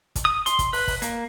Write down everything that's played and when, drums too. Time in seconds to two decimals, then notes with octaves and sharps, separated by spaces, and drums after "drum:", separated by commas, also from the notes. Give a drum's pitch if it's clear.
0.15 drum: kick, hi-hat
0.25 D#6
0.46 C6, drum: hi-hat
0.59 drum: kick, hi-hat
0.73 B4, drum: open hi-hat
0.88 drum: kick, open hi-hat
1.02 A#3, drum: hi-hat